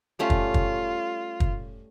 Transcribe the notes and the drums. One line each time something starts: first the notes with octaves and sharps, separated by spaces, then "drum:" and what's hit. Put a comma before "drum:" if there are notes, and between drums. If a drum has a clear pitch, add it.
G3 A3 C#4 F4
drum: kick
drum: kick
drum: kick